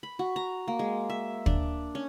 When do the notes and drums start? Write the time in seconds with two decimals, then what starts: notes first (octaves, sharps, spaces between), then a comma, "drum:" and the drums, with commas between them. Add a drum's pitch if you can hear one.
0.03 B5
0.19 F#4
0.36 A#5
0.68 A#3
0.79 G#3
1.10 E5
1.46 D4, drum: kick
1.95 C#4